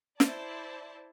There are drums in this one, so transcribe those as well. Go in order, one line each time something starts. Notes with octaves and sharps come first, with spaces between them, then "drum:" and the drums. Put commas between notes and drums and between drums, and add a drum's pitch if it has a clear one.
E4 C5 D5 A5, drum: snare